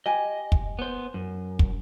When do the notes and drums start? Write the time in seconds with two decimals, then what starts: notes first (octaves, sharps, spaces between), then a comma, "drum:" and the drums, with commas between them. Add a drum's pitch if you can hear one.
0.06 G4 D#5 G#5
0.52 drum: kick
0.79 B3 C5
1.14 F#2
1.59 drum: kick